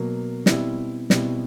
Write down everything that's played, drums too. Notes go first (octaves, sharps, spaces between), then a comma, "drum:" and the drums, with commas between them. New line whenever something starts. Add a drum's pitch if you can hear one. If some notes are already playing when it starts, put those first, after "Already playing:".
Already playing: B2 F#3 A#3
B2 G3 C4 E4, drum: snare
B2 G3 C4 E4, drum: snare